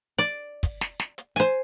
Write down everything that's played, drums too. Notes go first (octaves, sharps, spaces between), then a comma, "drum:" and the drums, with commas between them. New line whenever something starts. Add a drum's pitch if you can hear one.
D5
drum: kick, hi-hat
drum: snare
drum: snare
drum: hi-hat
C5 G#5, drum: hi-hat